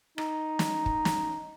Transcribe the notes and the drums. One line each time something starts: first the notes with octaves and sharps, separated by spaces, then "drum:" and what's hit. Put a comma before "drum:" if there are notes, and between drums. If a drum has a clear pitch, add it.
D#4, drum: rim click
drum: snare
drum: kick
drum: snare